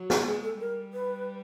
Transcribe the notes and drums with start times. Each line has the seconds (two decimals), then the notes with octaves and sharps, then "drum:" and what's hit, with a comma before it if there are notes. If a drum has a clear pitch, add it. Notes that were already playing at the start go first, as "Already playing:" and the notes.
Already playing: F#3
0.10 G#4, drum: snare
0.26 G#3 G#4
0.43 A4
0.60 G3 A#4
0.93 B4